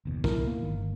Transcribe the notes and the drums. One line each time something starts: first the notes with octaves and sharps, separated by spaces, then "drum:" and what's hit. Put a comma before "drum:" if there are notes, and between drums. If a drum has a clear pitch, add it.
F#1 D#2 B2
E4 A#4, drum: kick
A#3
G1 D#3